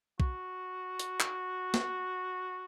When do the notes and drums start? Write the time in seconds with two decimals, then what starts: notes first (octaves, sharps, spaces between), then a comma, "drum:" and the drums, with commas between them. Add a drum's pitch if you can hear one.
0.20 F#4, drum: kick B1
0.99 drum: hi-hat
1.20 drum: clap
1.74 drum: snare